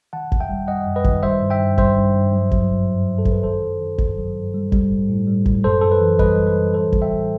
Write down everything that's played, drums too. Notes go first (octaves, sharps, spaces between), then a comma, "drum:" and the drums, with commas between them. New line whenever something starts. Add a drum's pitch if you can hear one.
D#3 F#5 A5
F#2, drum: kick G1
E5 G5
G3
G3 D#5 F#5
F#2
B4 D#5
D#3, drum: kick G1
G3 C5 E5
G2
E5 G5
G2
G3 C5 E5, drum: kick G1
G2
G2
F#3
F#3, drum: kick G1
F#2
F#2
F#3
A4
F#2, drum: kick G1
B4
D#3 A4 C5
D#3
D#3
G2, drum: kick G1
F#3
G2
G3
G3, drum: kick G1
A2
A2
G3
A2, drum: kick G1
F#2 A4 C5
F#2 A4
B4
E3
G3 B4 D#5, drum: kick G1
G3
B4
E3
A2 A4 C5
G3, drum: kick G1
E5 G5
A2